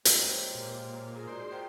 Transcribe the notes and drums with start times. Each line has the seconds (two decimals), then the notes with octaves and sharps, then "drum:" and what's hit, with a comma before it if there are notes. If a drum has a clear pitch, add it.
0.05 G#3 A#3 G4 C5 C#5, drum: hi-hat
0.55 A#2
1.16 F4 G#4 A#4
1.27 G#3 D#4 F#4 C5 D5 C6
1.52 F4 G#4 A#4 G5